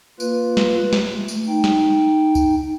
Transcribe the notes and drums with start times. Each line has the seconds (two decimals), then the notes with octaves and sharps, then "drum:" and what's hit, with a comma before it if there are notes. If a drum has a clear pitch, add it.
0.20 A#3 F4 B4, drum: tambourine
0.57 drum: snare
0.93 A3, drum: snare
1.28 drum: tambourine
1.48 D#4 G5
1.64 drum: snare
2.35 drum: kick C#2, tambourine